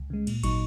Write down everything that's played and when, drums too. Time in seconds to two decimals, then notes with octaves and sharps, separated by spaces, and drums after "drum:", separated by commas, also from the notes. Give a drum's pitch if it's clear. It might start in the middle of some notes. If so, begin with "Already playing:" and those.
Already playing: C#2
0.10 C#3 G#3
0.27 A#2, drum: cymbal
0.43 F#3 D#4 C#6, drum: kick G#1, cymbal